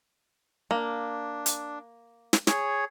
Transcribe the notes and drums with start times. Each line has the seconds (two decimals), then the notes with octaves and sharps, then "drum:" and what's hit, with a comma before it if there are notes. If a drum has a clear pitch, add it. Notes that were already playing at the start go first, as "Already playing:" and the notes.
0.71 A#3 D4
1.46 drum: hi-hat
2.33 drum: snare
2.47 G#4 C#5, drum: snare